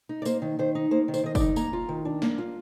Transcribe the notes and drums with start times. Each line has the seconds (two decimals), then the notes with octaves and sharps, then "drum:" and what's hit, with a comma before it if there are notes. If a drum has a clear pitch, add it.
0.09 D#4
0.22 D5
0.25 A#3 C5, drum: tambourine
0.42 D#3
0.59 D#3 C5
0.75 D#4
0.91 A#3 C5
1.08 D#3
1.14 C5, drum: tambourine
1.23 D#3 D#5
1.35 D5, drum: kick, tambourine
1.40 D#4
1.56 A#3 A#5, drum: tambourine
1.73 F4
1.89 D#3
2.05 D4
2.22 A#3, drum: snare
2.38 F4